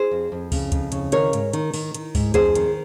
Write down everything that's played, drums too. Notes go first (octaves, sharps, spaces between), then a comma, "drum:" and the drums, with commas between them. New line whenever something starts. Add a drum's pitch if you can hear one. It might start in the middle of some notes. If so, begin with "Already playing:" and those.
Already playing: G#4 C5
F2
F2
C#3, drum: kick, open hi-hat
F2, drum: kick, hi-hat
C#3, drum: hi-hat
D#3 A#4 C#5, drum: hi-hat
G#2, drum: hi-hat
D#3, drum: hi-hat
D#3, drum: open hi-hat
D#3, drum: hi-hat
G#2, drum: kick, open hi-hat
F2 G#4 C5, drum: kick, hi-hat
D#3, drum: hi-hat